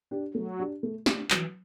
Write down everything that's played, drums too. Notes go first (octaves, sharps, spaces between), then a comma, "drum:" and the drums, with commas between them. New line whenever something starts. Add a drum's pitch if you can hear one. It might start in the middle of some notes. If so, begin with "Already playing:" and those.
D4 G4
F#3 A3
D4 G4
A3
D4 G4, drum: snare
E3 F#3, drum: clap